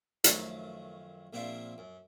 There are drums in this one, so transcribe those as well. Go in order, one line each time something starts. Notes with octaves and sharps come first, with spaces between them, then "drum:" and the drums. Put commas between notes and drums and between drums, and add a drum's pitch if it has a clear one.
F#2 D#3 F3 F#3 A3, drum: hi-hat
A#1 A#3 C4 D4 F4 E5
F#2